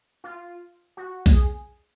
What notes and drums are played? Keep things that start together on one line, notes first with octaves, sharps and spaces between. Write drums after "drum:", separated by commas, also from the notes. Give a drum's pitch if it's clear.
F4
F#4
G#4, drum: kick B1, hi-hat